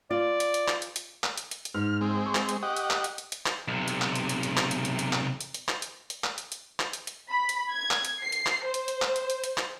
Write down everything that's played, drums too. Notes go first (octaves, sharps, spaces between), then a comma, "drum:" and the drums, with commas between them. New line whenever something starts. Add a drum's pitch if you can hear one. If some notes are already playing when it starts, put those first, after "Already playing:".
F4 D5
drum: hi-hat
drum: hi-hat
drum: clap
drum: hi-hat
drum: hi-hat
drum: clap
drum: hi-hat
drum: hi-hat
drum: hi-hat
G#2 F6
G#3 C4
C#6
drum: clap
drum: hi-hat
G4 D#5 F#5
drum: hi-hat
drum: clap
drum: hi-hat
drum: hi-hat
drum: hi-hat
drum: clap
B1 C3
drum: hi-hat
drum: clap
drum: hi-hat
drum: hi-hat
drum: hi-hat
drum: clap
drum: hi-hat
drum: hi-hat
drum: hi-hat
drum: clap
drum: hi-hat
drum: hi-hat
drum: clap
drum: hi-hat
drum: hi-hat
drum: clap
drum: hi-hat
drum: hi-hat
drum: clap
drum: hi-hat
drum: hi-hat
B5
drum: hi-hat
G#6
drum: clap
drum: hi-hat
C7
drum: hi-hat
drum: clap
C5
drum: hi-hat
drum: hi-hat
drum: clap
drum: hi-hat
drum: hi-hat
drum: hi-hat
drum: clap